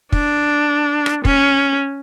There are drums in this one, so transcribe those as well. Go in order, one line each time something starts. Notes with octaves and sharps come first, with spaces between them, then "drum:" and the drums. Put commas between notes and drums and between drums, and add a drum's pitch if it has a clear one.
D4, drum: kick
drum: rim click
C#4, drum: kick